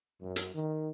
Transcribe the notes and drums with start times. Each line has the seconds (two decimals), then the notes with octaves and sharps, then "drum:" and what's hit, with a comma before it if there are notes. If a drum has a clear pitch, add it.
0.21 F#2
0.36 drum: hi-hat
0.54 D#3